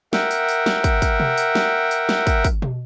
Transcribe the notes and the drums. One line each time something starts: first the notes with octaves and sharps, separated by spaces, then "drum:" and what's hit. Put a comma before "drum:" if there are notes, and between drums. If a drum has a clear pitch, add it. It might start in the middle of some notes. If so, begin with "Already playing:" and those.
A#4 E5 F#5 G5, drum: snare
drum: tambourine
drum: tambourine
drum: snare
drum: kick, tambourine
drum: kick, tambourine
drum: tom C3
drum: tambourine
drum: snare
drum: tambourine
drum: snare
drum: kick, tambourine
drum: kick, tambourine
drum: tom B2